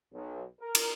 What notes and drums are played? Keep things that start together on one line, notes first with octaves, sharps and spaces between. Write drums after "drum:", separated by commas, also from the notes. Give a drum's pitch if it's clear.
B1
A#4
drum: cymbal